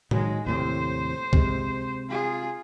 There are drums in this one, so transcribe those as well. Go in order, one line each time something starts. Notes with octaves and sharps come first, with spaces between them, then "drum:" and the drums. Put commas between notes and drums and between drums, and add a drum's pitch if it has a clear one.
D#3 F#3 G#3, drum: tom A2
D#2 A2 C3 C5
C3 G#3, drum: kick C2
F4 G#4